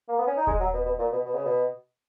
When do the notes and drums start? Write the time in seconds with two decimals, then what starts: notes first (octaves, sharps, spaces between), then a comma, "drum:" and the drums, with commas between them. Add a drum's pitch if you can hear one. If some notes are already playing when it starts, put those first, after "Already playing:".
0.09 A#3
0.19 B3
0.27 C#4
0.37 D#4
0.47 G#3, drum: kick D#1
0.60 F#3
0.74 B2
0.85 B2
0.99 A#2
1.12 B2
1.25 B2
1.34 C#3
1.45 B2